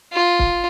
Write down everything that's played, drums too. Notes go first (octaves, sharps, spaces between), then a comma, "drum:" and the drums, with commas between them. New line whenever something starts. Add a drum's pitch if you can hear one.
F4
drum: kick